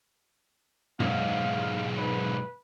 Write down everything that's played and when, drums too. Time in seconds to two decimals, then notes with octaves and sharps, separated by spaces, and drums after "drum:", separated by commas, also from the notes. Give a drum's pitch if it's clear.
1.00 B1 G#2 F5, drum: tom F#2
1.97 B4